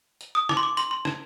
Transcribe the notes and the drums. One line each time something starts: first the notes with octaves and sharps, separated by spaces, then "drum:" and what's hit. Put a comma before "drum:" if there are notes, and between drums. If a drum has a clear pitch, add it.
drum: hi-hat
D#6
D6, drum: rim click
C6
D6
C6, drum: hi-hat
C6
drum: rim click